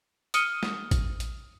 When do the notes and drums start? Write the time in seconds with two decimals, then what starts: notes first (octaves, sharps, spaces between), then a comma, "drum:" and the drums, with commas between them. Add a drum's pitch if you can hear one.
0.34 D#6 F6 C#7 D#7 G7, drum: hi-hat
0.63 drum: snare
0.91 drum: kick A1, hi-hat
1.20 drum: hi-hat